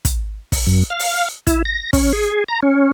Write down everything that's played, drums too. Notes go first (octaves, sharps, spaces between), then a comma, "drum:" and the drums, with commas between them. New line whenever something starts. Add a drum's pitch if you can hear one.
drum: kick, hi-hat
drum: kick, open hi-hat
F#2
F5
drum: open hi-hat
E4, drum: kick, hi-hat
A#6
C#4, drum: kick, open hi-hat
G#4
A#5
C#4